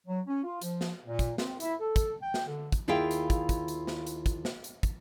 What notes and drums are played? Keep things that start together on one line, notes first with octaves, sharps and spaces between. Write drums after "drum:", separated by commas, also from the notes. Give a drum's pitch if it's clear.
F#3
C#4
F4
F3, drum: hi-hat
drum: snare
A#2
drum: kick, hi-hat
C4, drum: snare
E4, drum: hi-hat
A4
drum: kick, hi-hat
G5
drum: snare
D3
drum: kick, hi-hat
D#2 E4 F4 G#4 F5 G5
drum: hi-hat
drum: kick, hi-hat
drum: kick, hi-hat
drum: hi-hat
drum: snare
drum: hi-hat
drum: kick, hi-hat
drum: snare
drum: hi-hat
drum: kick, hi-hat